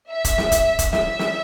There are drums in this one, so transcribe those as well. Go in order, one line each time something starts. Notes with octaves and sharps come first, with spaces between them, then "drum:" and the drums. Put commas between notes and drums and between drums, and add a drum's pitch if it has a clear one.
E5
drum: kick E1, hi-hat
drum: snare
drum: kick E1, hi-hat
drum: kick E1, hi-hat
E5, drum: snare
drum: snare